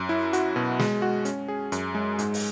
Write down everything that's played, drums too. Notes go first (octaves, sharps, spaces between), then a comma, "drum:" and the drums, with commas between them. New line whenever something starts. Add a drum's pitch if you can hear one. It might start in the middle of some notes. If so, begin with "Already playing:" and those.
Already playing: F#2
E4
F#4, drum: hi-hat
B2
G#3, drum: snare
F#4
C#4, drum: hi-hat
G#4
F#2, drum: hi-hat
G#3
G#2, drum: hi-hat
drum: open hi-hat